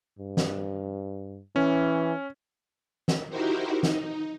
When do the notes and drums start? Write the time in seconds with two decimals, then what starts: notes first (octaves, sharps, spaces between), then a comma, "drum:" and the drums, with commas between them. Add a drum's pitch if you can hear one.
0.19 G2
0.37 drum: snare
1.56 E3 C#4
3.08 drum: snare
3.29 D#4 E4 F#4 G4 A#4 C5
3.83 D#4, drum: snare